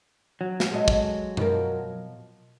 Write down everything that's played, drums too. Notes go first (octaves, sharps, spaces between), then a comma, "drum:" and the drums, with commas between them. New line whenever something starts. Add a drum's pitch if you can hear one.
F#3
drum: snare
G#3 A4 D#5
drum: kick
B2 F3 A#4, drum: tom F#2